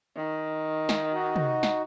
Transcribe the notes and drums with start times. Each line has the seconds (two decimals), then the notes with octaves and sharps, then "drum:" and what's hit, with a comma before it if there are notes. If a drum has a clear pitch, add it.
0.17 D#3
0.89 drum: snare
1.12 D#4 F#4
1.36 drum: tom
1.63 drum: snare